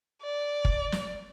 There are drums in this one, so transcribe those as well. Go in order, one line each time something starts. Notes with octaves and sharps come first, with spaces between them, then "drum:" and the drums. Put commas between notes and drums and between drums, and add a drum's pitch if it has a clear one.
D5
drum: kick
drum: snare